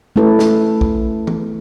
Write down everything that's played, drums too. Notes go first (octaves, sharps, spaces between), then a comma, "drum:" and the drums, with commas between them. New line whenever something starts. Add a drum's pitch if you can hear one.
A3 C#4 E4 A4 B4
drum: snare
drum: kick
drum: tom